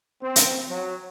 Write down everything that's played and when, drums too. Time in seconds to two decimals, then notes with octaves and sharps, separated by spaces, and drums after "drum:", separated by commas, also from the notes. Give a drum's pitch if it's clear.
0.23 C4
0.36 drum: hi-hat
0.69 F#3